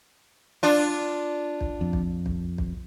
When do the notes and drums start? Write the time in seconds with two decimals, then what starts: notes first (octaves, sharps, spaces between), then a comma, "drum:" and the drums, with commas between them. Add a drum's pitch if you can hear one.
0.63 D4 F4
1.61 drum: kick
1.81 F2
1.93 drum: kick
2.26 drum: kick
2.58 drum: kick